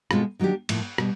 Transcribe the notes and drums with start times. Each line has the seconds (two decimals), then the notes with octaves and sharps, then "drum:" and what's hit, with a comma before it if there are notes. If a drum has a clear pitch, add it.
0.11 B2 G#3 C4 F4 A4, drum: rim click
0.39 D#3 F#3 A#3 D4 G4
0.69 A2 F3 A#3, drum: cymbal
0.98 B2 G3, drum: rim click